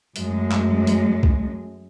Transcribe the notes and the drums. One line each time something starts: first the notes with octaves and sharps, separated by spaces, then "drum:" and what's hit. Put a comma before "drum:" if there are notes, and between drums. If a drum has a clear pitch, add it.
F#2 G#3 A3, drum: hi-hat
drum: clap
drum: hi-hat
drum: kick C2